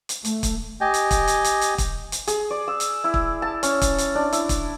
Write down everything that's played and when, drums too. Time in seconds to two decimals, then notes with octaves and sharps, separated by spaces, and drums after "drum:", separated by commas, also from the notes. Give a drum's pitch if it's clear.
0.09 drum: hi-hat
0.25 A3, drum: hi-hat
0.43 drum: kick, hi-hat
0.81 G4 D#5 G5 G#5
0.94 drum: hi-hat
1.11 drum: kick, hi-hat
1.28 drum: hi-hat
1.44 drum: hi-hat
1.61 drum: hi-hat
1.78 drum: kick, hi-hat
2.12 drum: hi-hat
2.27 G#4, drum: hi-hat
2.51 D5
2.68 E6
2.80 drum: hi-hat
3.04 E4
3.14 drum: kick
3.42 A5
3.63 C#4, drum: hi-hat
3.81 drum: kick, hi-hat
3.98 drum: hi-hat
4.15 D4
4.33 E4, drum: hi-hat
4.49 drum: kick, hi-hat